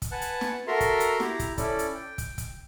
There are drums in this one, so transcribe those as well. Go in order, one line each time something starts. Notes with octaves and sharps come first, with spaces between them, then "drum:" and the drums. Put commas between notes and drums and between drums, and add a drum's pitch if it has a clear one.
drum: kick, hi-hat
B4 F#5 G#5 A5 F#6
drum: hi-hat
drum: snare
F#4 A4 A#4 E5 A#5 C6
drum: kick, hi-hat
drum: hi-hat
E4 G4 A#5, drum: snare
drum: kick, hi-hat
C#4 E4 A4 D5, drum: kick, hi-hat
drum: hi-hat
G5
drum: kick, hi-hat
drum: kick, hi-hat